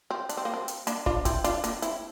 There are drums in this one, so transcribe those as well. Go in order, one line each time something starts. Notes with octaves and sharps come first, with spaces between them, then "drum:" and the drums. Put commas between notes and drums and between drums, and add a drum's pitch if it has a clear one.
C4
D4, drum: hi-hat
C4
A#3
C4
drum: hi-hat
A#3 D4, drum: hi-hat
D4 F4, drum: kick
C4 E4, drum: kick, hi-hat
D4 F4, drum: hi-hat
A#3 D4, drum: hi-hat
C4 E4, drum: hi-hat